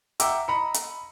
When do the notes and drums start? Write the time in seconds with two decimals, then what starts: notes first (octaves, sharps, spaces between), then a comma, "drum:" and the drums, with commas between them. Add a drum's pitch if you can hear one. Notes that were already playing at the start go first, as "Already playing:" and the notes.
0.20 E5 F#5 G5 A#5 D6 E6, drum: hi-hat
0.48 D#5 A#5 B5 C#7
0.74 drum: hi-hat